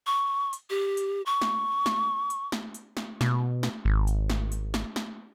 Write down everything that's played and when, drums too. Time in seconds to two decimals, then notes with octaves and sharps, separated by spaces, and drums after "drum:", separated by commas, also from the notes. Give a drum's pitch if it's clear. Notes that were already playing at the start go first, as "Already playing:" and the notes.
0.07 C#6
0.53 drum: hi-hat
0.70 G4
0.97 drum: hi-hat
1.26 C#6
1.42 drum: snare
1.86 drum: snare
2.30 drum: hi-hat
2.52 drum: snare
2.74 drum: hi-hat
2.97 drum: snare
3.21 B2, drum: snare
3.63 drum: snare
3.85 G#1
4.07 drum: hi-hat
4.30 drum: snare
4.52 drum: hi-hat
4.74 drum: snare
4.96 drum: snare